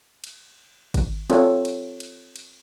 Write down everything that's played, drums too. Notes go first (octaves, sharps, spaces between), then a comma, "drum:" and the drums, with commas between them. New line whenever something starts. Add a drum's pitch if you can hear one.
drum: cymbal
drum: kick, cymbal
C4 F4 A4 C#5, drum: cymbal
drum: cymbal
drum: cymbal
drum: cymbal